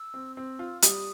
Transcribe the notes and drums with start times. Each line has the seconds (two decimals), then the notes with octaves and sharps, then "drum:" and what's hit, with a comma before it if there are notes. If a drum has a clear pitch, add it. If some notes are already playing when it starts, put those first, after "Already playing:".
Already playing: E6
0.14 C4
0.37 C4 E6
0.59 F4
0.82 G3 D#6, drum: hi-hat